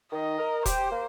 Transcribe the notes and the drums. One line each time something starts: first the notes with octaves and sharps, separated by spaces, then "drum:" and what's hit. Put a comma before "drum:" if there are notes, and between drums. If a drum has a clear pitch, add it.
D#3 D#5
A#4
G4 C5, drum: kick E1, hi-hat
A#3